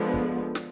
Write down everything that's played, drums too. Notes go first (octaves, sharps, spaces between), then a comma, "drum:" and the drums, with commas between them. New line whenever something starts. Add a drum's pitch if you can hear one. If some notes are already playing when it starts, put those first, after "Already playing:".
Already playing: D3 F3 G#3 B3
drum: kick
drum: snare